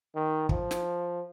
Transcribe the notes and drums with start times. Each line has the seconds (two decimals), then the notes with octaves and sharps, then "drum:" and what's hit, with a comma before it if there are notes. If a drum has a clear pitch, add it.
0.15 D#3
0.49 F3, drum: kick
0.71 drum: snare